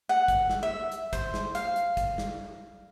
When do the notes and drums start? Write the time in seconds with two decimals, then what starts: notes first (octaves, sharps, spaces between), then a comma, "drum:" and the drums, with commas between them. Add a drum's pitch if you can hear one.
0.09 F#5
0.28 drum: kick, hi-hat
0.49 drum: snare
0.63 E5
0.92 drum: hi-hat
1.13 C5, drum: kick, hi-hat
1.34 drum: snare
1.55 F5, drum: hi-hat
1.76 drum: hi-hat
1.97 drum: kick, hi-hat
2.18 drum: snare